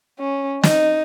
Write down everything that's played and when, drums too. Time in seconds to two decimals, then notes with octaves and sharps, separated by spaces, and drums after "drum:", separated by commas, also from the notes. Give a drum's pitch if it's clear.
0.19 C#4
0.63 D#4, drum: snare